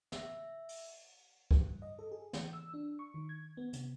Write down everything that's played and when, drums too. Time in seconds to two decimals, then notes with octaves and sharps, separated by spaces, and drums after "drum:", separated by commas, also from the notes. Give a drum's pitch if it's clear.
0.12 E5, drum: snare
0.69 drum: open hi-hat
1.51 drum: kick
1.65 G2
1.82 D#5
1.99 A4
2.12 G#4
2.33 E3, drum: snare
2.53 E6
2.74 D4
2.99 C#6
3.14 D#3
3.29 G#6
3.57 B3
3.73 C3, drum: hi-hat